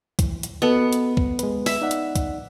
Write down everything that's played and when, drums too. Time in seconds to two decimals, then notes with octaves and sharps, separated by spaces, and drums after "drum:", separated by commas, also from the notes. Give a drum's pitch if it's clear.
0.19 E3, drum: kick, hi-hat
0.43 drum: hi-hat
0.62 B3 F#4 A4 D#5
0.93 drum: hi-hat
1.17 drum: kick
1.39 G#3 B4, drum: hi-hat
1.66 E5, drum: open hi-hat
1.82 D#4 D5 F#5
1.91 drum: hi-hat
2.15 drum: kick, hi-hat